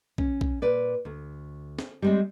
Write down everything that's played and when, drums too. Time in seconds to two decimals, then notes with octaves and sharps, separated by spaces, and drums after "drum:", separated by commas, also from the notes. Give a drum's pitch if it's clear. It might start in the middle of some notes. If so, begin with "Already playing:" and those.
0.18 C#4, drum: kick
0.41 drum: kick
0.62 A#2 B4 D5
1.05 D2
1.79 drum: snare C4
2.02 G3 G#3 C4